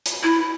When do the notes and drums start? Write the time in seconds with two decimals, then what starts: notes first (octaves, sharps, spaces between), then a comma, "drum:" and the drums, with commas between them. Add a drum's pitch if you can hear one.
0.06 drum: hi-hat
0.23 E4